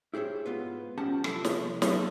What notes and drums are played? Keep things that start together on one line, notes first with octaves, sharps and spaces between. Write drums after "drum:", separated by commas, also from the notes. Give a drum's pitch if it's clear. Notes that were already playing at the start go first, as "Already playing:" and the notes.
E4 G4 G#4 C5 C#5
G#2 B3 F4 B4
F2 C#4 G4 F#5 A5
C2 F3 E4 A4, drum: rim click
drum: snare
F#3 A#3 B3 D#4 F#4 A4, drum: snare